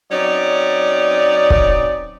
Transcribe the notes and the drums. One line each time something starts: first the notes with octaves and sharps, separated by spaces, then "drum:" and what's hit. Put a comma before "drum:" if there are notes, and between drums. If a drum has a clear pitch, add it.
F#3 C4 C#4 D#4 D5
drum: kick